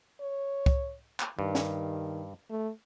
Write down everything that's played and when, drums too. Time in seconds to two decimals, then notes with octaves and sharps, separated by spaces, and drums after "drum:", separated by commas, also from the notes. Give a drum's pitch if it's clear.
0.21 C#5
0.66 drum: kick C2
1.20 drum: clap
1.39 G2 D#3
1.55 drum: snare
2.50 A3